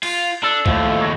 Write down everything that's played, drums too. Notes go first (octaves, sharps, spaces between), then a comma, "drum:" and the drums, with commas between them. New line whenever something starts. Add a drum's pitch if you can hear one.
F4, drum: cymbal
D4 A4
D#2 A2 F3 A3, drum: kick C2
F#3